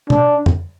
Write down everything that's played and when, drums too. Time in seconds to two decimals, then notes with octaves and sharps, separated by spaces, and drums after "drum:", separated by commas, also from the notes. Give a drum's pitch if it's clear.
0.10 D4, drum: tom
0.46 drum: tom F2